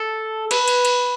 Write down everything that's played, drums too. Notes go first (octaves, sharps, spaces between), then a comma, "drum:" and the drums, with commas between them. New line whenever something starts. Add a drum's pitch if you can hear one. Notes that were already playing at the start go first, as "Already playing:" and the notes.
Already playing: A4
B4, drum: cymbal
drum: cymbal
drum: cymbal